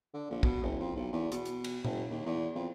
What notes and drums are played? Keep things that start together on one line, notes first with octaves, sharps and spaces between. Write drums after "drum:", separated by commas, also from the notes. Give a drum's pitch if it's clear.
D3
A#1
B2, drum: kick
F#1
F2
B1
E2
B2, drum: hi-hat
drum: hi-hat
drum: cymbal
F#1, drum: tom A#2
D#2
E2
F2